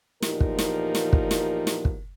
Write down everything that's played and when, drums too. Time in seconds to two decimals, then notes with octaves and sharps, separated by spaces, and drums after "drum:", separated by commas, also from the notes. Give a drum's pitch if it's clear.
0.22 E2 A#2 F3 D#4 G4 A#4, drum: snare
0.40 drum: kick
0.59 drum: snare
0.95 drum: snare
1.13 drum: kick
1.31 drum: snare
1.67 drum: snare
1.85 drum: kick